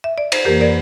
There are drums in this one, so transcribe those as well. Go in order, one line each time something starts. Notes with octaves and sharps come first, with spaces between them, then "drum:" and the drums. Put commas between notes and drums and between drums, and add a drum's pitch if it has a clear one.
E5
D5
C5, drum: cymbal
F2 E3 A#3 G4 A#4
A#4 D5